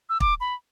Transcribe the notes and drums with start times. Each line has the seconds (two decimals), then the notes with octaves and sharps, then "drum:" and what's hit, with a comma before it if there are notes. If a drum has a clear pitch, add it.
0.10 E6
0.20 D6, drum: kick
0.41 B5